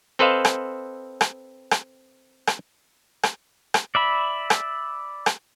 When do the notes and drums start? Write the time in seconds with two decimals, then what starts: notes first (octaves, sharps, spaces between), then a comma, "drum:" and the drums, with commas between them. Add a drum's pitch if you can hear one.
0.19 C4 A4 B4 C5 D#5 F5
0.45 drum: rim click
1.21 drum: rim click
1.71 drum: rim click
2.47 drum: rim click
3.23 drum: rim click
3.74 drum: rim click
3.95 D5 E5 B5
4.50 drum: rim click
5.26 drum: rim click